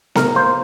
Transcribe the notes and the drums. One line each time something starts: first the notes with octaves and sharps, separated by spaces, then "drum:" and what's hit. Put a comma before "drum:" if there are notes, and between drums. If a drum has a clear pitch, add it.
A2 A#4, drum: snare B3
A#3 C5